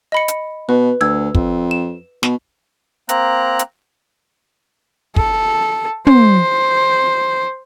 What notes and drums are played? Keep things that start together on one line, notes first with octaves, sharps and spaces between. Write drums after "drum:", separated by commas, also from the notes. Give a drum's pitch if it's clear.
D#5 B5 C#7
drum: hi-hat
B2 B4
D2 E6 G#6
F2, drum: kick
E7
B2, drum: snare
A#3 C4 A#5 F#6, drum: hi-hat
drum: hi-hat
A4, drum: kick
C5, drum: tom